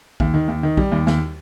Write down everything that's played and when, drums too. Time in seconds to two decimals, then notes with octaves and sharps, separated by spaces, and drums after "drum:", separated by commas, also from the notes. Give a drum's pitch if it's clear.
0.20 D#2, drum: kick A#1
0.34 D#3
0.48 D#2
0.63 D#3
0.77 G3, drum: kick A#1
0.92 D#2
1.07 D#2, drum: snare